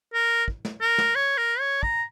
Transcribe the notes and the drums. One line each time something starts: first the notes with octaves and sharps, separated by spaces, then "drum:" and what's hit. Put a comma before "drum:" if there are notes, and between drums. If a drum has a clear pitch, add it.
A#4
drum: kick
drum: snare
A#4
drum: snare
C#5
A#4
C#5
A#5, drum: kick